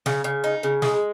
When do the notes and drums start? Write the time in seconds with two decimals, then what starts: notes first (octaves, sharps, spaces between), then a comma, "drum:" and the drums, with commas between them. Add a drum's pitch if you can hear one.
0.06 C#3, drum: snare
0.24 C#3
0.44 D#4
0.63 C#3
0.82 G#3, drum: snare